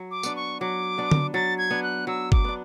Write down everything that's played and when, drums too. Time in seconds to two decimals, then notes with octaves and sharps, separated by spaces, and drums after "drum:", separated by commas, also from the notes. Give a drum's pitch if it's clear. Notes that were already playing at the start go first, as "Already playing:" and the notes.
Already playing: F#3
0.11 D6
0.23 B3 D4, drum: tambourine
0.36 C#6
0.60 F#3 D6
0.98 B3 D4
1.11 drum: tom D3
1.34 F#3 A6
1.58 G#6
1.70 B3 D4
1.83 F#6
2.07 F#3 E6
2.32 D6, drum: kick
2.44 B3 D4